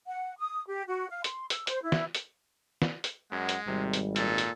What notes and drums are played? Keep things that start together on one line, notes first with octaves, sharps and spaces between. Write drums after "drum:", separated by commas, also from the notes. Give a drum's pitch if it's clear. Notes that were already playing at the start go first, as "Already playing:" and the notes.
F#5
D#6
G4
F#4
F5
C6, drum: hi-hat
E6, drum: hi-hat
C5, drum: hi-hat
E4
drum: snare
drum: hi-hat
drum: snare
drum: hi-hat
F#2 G#3 F#5
drum: hi-hat
G#1 C3 G3
drum: hi-hat
A#2 A4, drum: hi-hat
drum: hi-hat